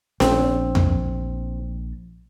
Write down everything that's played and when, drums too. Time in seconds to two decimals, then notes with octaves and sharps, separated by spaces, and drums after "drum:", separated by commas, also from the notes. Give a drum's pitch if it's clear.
0.20 A#1 A3 C4 D4, drum: snare
0.75 drum: tom E2